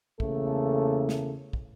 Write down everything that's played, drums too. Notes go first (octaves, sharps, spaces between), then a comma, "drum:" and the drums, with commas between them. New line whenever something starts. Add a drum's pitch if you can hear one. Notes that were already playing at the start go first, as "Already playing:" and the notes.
E2 C#3 A3 A#3 A4, drum: kick
drum: snare
drum: kick